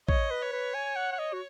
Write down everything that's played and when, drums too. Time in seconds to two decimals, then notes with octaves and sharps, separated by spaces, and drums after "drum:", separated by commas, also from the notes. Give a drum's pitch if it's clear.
0.09 C#5 D#5, drum: kick
0.31 B4
0.42 C#5
0.52 B4
0.74 G#5
0.96 F#5
1.12 F#5
1.19 D#5
1.33 F#4